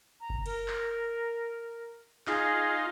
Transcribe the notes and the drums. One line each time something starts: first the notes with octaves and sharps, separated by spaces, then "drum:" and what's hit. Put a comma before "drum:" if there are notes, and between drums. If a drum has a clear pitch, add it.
A#5
drum: kick F#1
A#4, drum: cymbal
drum: clap
D#4 F4 G#4, drum: clap